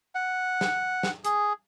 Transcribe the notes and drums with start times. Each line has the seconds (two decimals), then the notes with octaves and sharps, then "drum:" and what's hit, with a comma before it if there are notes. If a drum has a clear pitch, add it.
0.15 F#5
0.61 drum: snare
1.03 drum: snare
1.25 G#4, drum: hi-hat